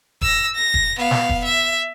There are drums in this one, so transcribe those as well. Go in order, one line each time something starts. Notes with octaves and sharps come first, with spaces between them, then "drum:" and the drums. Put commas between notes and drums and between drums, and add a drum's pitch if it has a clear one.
E6 A#6, drum: kick E1
A#6
drum: kick E1
B3 F5
drum: snare
drum: kick E1
E5